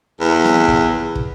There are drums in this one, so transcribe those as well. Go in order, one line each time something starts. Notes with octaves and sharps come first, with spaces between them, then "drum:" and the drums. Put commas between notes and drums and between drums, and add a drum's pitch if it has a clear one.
E2
drum: snare
drum: kick
drum: kick